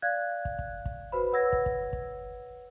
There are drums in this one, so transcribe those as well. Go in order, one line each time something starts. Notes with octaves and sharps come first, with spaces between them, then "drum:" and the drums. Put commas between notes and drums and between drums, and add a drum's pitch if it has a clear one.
D5 F5 F#6 G#6
drum: kick
drum: kick
drum: kick
F#4 B4 C5 B5
B4 C#5 F#5 E6 G#6 A#6
drum: kick
drum: kick
drum: kick